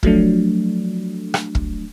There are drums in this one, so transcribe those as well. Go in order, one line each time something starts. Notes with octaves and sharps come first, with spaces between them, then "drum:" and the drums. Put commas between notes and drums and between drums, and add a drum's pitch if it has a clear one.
F3 F#3 A3 D4, drum: kick
drum: rim click
drum: kick